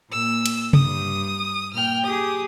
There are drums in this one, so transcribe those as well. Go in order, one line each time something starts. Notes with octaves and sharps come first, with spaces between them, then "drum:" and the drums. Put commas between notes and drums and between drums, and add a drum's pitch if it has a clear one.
A#2 E6
drum: cymbal
G2 G3 D#6, drum: tom C3
A#2 G5 F6
G4 G#4 D#6